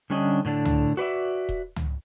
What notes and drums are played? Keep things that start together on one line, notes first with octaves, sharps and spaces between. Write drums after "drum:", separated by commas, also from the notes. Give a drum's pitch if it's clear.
D3 G3 C#4 D4 D5 D#5
A2 D3 D4 A4
drum: tom
F#4 B4 D5 E5
drum: kick D#1
drum: tom